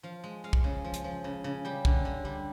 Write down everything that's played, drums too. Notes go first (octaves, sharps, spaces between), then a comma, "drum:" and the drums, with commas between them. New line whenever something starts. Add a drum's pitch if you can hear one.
F3 F5
G#3
G#3 F5
drum: kick
C#3
F3
drum: hi-hat
F3
C#3
C#3
G3 G5
D3, drum: kick
D3
G3